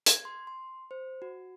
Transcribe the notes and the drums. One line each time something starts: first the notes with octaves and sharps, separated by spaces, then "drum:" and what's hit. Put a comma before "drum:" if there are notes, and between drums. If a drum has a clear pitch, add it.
G#6, drum: hi-hat
C6
C6
C5
F#4